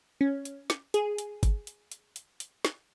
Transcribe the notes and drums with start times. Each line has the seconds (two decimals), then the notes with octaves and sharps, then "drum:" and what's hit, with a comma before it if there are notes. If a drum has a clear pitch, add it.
0.21 C#4
0.45 drum: hi-hat
0.70 drum: snare
0.94 G#4, drum: hi-hat
1.18 drum: hi-hat
1.43 drum: kick, hi-hat
1.67 drum: hi-hat
1.92 drum: hi-hat
2.16 drum: hi-hat
2.40 drum: hi-hat
2.65 drum: snare